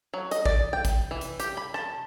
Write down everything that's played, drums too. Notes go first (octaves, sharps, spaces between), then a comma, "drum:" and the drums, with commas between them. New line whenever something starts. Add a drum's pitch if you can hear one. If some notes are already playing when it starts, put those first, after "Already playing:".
F#3
D#5, drum: hi-hat
D5, drum: kick G#1
G5
drum: kick G#1, hi-hat
E3
drum: hi-hat
G4, drum: hi-hat
B5
A5, drum: rim click